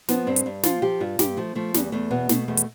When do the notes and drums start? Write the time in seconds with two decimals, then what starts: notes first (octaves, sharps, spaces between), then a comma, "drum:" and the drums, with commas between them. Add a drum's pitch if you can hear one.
0.08 F3 B3, drum: snare
0.27 G2 C4
0.36 drum: hi-hat
0.46 G2
0.63 F3 F4, drum: snare
0.82 F3 G4
1.00 G2 F4
1.19 G2 G4, drum: snare
1.37 F3 A3
1.55 F3 A3
1.74 E2 G3, drum: snare
1.92 E2 A3
2.11 B2 B3
2.29 B2 A3, drum: snare
2.48 E2 A3
2.57 drum: hi-hat